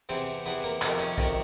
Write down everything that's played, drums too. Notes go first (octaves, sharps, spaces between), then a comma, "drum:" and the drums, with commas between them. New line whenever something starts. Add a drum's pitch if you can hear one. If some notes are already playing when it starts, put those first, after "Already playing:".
E2 C3 E3 C4
E2 C3 E3 B3
A#3
F2 C3 D#3 A3, drum: clap
C#4
F2 C3 D#3, drum: kick